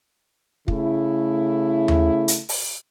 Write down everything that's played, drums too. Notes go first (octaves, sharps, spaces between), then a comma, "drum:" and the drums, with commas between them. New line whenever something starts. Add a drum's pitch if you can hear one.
C#3 A3 E4, drum: kick
drum: tom D#2
drum: hi-hat
drum: open hi-hat